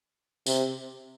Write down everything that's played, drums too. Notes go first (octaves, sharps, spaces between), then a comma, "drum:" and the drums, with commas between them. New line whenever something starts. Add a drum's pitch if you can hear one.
C3, drum: tambourine